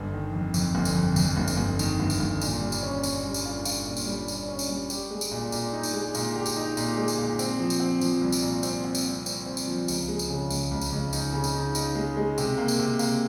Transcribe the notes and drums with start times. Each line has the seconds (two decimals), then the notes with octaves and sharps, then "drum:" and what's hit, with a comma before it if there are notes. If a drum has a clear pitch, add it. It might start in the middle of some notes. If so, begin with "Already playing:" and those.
Already playing: G1
0.13 D#3
0.33 F2
0.54 F2, drum: tambourine
0.75 G1
0.85 drum: tambourine
0.95 F2
1.16 F2, drum: tambourine
1.37 G1
1.48 drum: tambourine
1.57 G1
1.79 D#3, drum: tambourine
1.99 G1
2.10 drum: tambourine
2.20 G1
2.42 A#2, drum: tambourine
2.61 G3
2.72 drum: tambourine
2.83 C#4
3.03 C#4, drum: tambourine
3.25 G3
3.34 drum: tambourine
3.45 F4
3.65 F4, drum: tambourine
3.87 A#2
3.97 drum: tambourine
4.06 G3
4.28 A#2, drum: tambourine
4.49 C#4
4.59 drum: tambourine
4.69 G3
4.90 G4, drum: tambourine
5.11 G#3
5.21 drum: tambourine
5.31 A#2
5.52 A#2, drum: tambourine
5.73 D#4
5.83 drum: tambourine
5.93 G#3
6.15 A#2, drum: tambourine
6.36 G4
6.46 drum: tambourine
6.57 D#4
6.77 A#2, drum: tambourine
6.98 G#3
7.08 drum: tambourine
7.18 A#2
7.39 C4, drum: tambourine
7.60 F3
7.70 drum: tambourine
7.80 C4
8.01 F3, drum: tambourine
8.22 C2
8.32 drum: tambourine
8.42 A#2
8.63 C4, drum: tambourine
8.84 C4
8.95 drum: tambourine
9.05 C4
9.26 C4, drum: tambourine
9.46 C4
9.57 drum: tambourine
9.67 F3
9.88 C#2, drum: tambourine
10.08 G#3
10.19 drum: tambourine
10.30 C#3
10.50 C#2, drum: tambourine
10.71 C#2
10.81 drum: tambourine
10.92 C#2
11.13 D#4, drum: tambourine
11.34 C#3
11.44 drum: tambourine
11.54 D#4
11.75 D#4, drum: tambourine
11.95 G#3
12.17 G#3
12.38 C3, drum: tambourine
12.58 A#3
12.68 drum: tambourine
12.79 C3
12.99 A#3, drum: tambourine